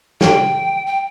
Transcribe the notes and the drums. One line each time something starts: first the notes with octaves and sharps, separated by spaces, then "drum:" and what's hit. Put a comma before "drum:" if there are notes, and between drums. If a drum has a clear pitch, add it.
G5, drum: snare
G5